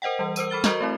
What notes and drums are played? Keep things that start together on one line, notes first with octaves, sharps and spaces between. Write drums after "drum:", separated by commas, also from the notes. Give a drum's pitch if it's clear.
A#4 C5 D#5 F#5 G5
E3 G3
A#4 C5 E6 D#7, drum: tambourine
A4 B5 F6 A6 G7
F#4 A#4 C5 D#5 A#5 C#6, drum: snare
A3 C4 E4